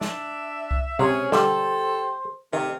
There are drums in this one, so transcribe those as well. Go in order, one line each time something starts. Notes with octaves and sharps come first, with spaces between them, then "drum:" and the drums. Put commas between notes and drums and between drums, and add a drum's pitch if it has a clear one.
D4 E5, drum: snare
drum: kick C2
C3 G#3 C#4 G#4 C#5, drum: tom B2
D3 G3 G4 A4 C5, drum: snare
C3 D#3 A3 F5